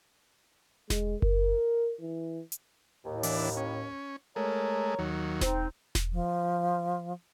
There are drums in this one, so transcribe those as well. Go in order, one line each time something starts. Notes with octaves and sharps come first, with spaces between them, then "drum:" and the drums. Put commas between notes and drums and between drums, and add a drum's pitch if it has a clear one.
G#3, drum: snare E1
A#4, drum: kick F#1
E3
drum: hi-hat
D#2 A2
E3 D4, drum: open hi-hat
C#4
G#3 A3 A#4 C#5
D#2 F#3
C4 D#4, drum: snare E1
drum: snare E1
F3